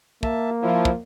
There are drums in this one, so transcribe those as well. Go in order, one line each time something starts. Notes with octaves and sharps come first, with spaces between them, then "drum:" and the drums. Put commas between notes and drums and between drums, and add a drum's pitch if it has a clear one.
A#3 E5 A5, drum: kick
F3 E4
drum: kick